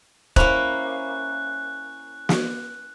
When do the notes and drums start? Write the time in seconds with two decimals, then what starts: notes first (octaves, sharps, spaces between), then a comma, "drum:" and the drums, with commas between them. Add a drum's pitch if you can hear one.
0.36 A#3 C#4 E4 C5 B5 F#6, drum: kick
2.29 drum: snare